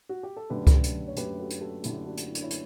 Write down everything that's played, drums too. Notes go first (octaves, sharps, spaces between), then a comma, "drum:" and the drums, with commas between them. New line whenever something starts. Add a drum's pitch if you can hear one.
F#4
G4
A4
F#2 D3 A3 G4 B4
drum: kick C#2, hi-hat
drum: hi-hat
C#5
F#2 D3 A3 G4 B4, drum: hi-hat
F#4 A4
drum: hi-hat
F#4 A4
F#2 D3 A3 E4 G4, drum: hi-hat
D4 F#4
drum: hi-hat
E4
D4, drum: hi-hat
C#4 E4
D4, drum: hi-hat